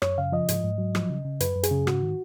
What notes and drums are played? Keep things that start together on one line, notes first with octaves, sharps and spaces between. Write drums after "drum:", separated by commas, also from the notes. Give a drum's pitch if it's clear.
F#2 C#5, drum: rim click
C#3 F5
F3 D#5
G#2, drum: hi-hat
G#2
F#3
F3, drum: rim click
C#3
C#3
F#2 B4, drum: hi-hat
F#2
G#4, drum: hi-hat
C#3
G#2 F#4, drum: rim click
D#3